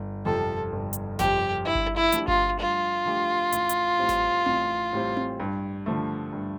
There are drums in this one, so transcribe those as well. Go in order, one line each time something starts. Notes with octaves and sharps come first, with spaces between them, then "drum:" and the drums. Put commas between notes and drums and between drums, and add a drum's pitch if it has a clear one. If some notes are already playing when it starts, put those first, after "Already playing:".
Already playing: G1
F2 C3 F3 C4 A4
G1
drum: hi-hat
F2 C3 F3 C4 G4, drum: snare G#1
G2 E4
drum: kick G1
E4
F3 A3 D4 G4, drum: hi-hat
F4, drum: kick G1
G2 F4
F3 A3 D4 G4
A1, drum: hi-hat
drum: hi-hat
A2 G3 C4
drum: snare G#1
A1, drum: tom C4
A2 G3 C4
drum: tom C4
G2
D3 F3 A3
G2